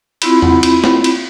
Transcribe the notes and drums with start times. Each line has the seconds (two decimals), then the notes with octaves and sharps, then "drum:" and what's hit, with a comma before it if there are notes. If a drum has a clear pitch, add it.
0.22 C4 E4 F4 B5, drum: cymbal
0.42 drum: tom E2
0.63 drum: cymbal
0.84 drum: snare
1.04 drum: cymbal